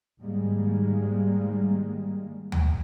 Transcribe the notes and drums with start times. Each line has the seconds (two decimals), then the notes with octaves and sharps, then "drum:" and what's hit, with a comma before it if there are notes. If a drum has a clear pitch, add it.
0.21 G#2 D#3 G3 G#3 A#3
2.52 drum: tom D2